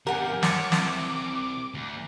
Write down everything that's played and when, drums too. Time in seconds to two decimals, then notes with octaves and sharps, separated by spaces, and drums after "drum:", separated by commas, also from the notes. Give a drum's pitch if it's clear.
0.07 E2 G2 G4 A#4 F#5 G#5
0.43 C#5 D6, drum: snare
0.72 C3 E4, drum: snare
1.74 D2